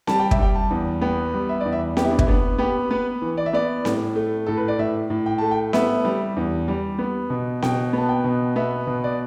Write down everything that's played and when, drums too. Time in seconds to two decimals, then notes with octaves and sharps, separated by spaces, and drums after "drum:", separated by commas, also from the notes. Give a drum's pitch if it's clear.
0.07 G3 A5, drum: snare C4
0.20 G5
0.31 E5, drum: kick
0.39 G3 G5
0.55 A5
0.70 E2
1.01 B3 G5
1.34 G3
1.49 E5
1.61 E2 D5
1.72 E5
1.97 B3 G4, drum: snare C4
2.04 E4
2.11 D4
2.19 E4, drum: kick
2.27 B3 D4
2.58 B3 G4
2.90 B3 B4
3.22 E3
3.37 D5
3.46 E5
3.53 B3 D5
3.85 A2, drum: snare C4
4.16 A3
4.46 A2 A4
4.57 B4
4.68 D5
4.79 A2 E5
5.10 A2
5.26 G5
5.38 A3 A5
5.51 G5
5.73 B3 E5, drum: snare C4
6.05 G3
6.37 E2
6.68 G3
6.99 B3
7.30 B2
7.62 B2 G5, drum: snare C4
7.93 B3 A5
8.09 G5
8.24 B2
8.56 B3 E5
8.87 B2
9.04 D5